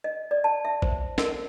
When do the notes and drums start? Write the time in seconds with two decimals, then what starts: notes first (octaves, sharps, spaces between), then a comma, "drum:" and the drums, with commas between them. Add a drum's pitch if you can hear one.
0.04 D#5
0.31 D5
0.44 A5
0.65 E5
0.82 C5, drum: kick
1.18 A#4, drum: snare